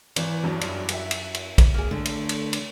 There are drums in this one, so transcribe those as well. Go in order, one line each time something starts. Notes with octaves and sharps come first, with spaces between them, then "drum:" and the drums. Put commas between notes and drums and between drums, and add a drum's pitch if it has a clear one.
G#1 E3 D5, drum: cymbal
E2 G2 F#3
F#2 E4 F4 D5, drum: cymbal
F#4 E5, drum: cymbal
drum: cymbal
drum: cymbal
drum: kick, cymbal
A#3 G#4
D3 A3
drum: cymbal
drum: cymbal
drum: cymbal